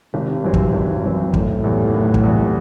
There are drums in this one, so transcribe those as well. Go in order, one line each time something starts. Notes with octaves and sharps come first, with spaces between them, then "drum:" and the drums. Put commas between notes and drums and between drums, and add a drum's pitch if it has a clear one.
G#1 C3
F#2 E3 C4
drum: kick
G#1
F#2 E3 C4
F#1 A2, drum: kick
E2 C3
F#1
drum: kick
E2 C3